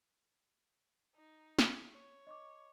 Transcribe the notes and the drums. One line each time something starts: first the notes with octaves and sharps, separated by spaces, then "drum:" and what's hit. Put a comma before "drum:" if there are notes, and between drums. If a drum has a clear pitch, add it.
D#4
drum: snare
C#5
D#5 C#6 D6